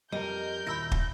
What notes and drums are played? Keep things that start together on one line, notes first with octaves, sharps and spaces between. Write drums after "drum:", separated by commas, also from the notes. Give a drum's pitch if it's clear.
F2 G3 A#4 D#5 G6
D#2 A#2 E4 B5 E6 A#6
drum: kick